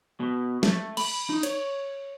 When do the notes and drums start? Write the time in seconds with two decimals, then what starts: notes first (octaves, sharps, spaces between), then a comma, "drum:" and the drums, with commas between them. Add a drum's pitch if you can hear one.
0.20 B2
0.63 A3, drum: snare
0.97 B5, drum: cymbal
1.30 D#4
1.43 C#5, drum: hi-hat